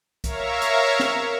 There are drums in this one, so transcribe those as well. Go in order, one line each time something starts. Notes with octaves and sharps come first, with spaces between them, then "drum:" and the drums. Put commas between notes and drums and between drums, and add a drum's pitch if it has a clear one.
A#4 C#5 E5 F5 A#5 C#6, drum: kick C2, hi-hat
drum: hi-hat
drum: snare